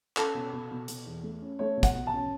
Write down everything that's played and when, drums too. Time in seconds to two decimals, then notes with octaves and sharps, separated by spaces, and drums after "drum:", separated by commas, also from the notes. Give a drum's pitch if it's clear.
0.17 C#4 A4, drum: clap
0.34 B2
0.53 B2
0.71 B2
0.88 B2, drum: hi-hat
1.06 E2
1.23 A3
1.42 C#4
1.59 A3 C#5
1.77 B2
1.83 F#5, drum: kick, hi-hat
1.95 B2
2.07 A5
2.13 C#4